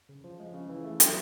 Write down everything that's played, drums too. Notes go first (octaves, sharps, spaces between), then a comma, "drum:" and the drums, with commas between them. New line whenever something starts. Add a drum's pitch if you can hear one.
C#3
F3
G#3
C#3
E3
A3
F#3, drum: hi-hat